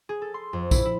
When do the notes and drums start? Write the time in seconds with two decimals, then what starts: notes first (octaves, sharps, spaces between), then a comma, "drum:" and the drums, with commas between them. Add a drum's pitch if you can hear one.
0.09 G#4
0.22 A4
0.34 C6
0.53 F2
0.71 E4, drum: kick, tambourine
0.85 E4